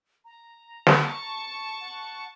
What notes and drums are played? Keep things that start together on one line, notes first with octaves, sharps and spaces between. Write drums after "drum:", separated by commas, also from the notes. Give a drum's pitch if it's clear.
A#5
drum: snare
A5 C#6
F#5